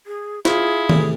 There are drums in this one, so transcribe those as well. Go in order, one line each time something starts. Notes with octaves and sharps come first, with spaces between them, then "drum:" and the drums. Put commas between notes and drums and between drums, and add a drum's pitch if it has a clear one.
G#4
E4 F4 G#4, drum: snare
A2 C3 E3, drum: tom D#3